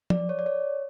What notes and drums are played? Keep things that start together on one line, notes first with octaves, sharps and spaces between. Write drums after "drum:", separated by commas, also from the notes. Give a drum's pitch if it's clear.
D5, drum: tom F3
C#5
D5
C#5